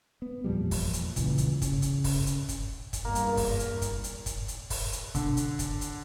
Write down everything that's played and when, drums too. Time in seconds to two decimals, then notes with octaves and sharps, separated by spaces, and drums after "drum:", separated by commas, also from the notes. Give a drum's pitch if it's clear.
0.22 B3
0.44 E2 A#2 F3 G3
0.71 drum: kick, open hi-hat
0.93 drum: hi-hat
1.16 C#2 A#2 C#3 E3, drum: kick, hi-hat
1.38 drum: hi-hat
1.62 C#3, drum: kick, hi-hat
1.82 drum: hi-hat
2.04 drum: kick, open hi-hat
2.26 drum: hi-hat
2.49 drum: kick, hi-hat
2.93 drum: kick, hi-hat
3.05 E2 G2 A#3
3.15 drum: hi-hat
3.37 drum: kick, open hi-hat
3.59 drum: hi-hat
3.82 drum: kick, hi-hat
4.04 drum: hi-hat
4.26 drum: kick, hi-hat
4.48 drum: hi-hat
4.70 drum: kick, open hi-hat
4.92 drum: hi-hat
5.15 D3, drum: kick, hi-hat
5.37 drum: hi-hat
5.59 drum: kick, hi-hat
5.81 drum: hi-hat